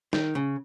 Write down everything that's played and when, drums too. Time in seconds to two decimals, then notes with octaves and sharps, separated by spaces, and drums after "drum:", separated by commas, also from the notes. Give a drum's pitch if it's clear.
0.13 D#3, drum: snare
0.35 C#3